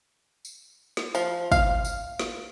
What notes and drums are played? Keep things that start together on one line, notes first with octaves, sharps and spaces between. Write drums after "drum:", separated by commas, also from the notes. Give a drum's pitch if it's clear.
drum: tambourine
drum: snare
F3, drum: tambourine
F5, drum: kick, tambourine
drum: tambourine
drum: snare